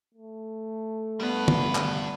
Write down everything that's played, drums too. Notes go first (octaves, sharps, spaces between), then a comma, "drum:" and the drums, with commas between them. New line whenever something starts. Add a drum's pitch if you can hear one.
A3
G3 B3 D4 B4
drum: tom
drum: clap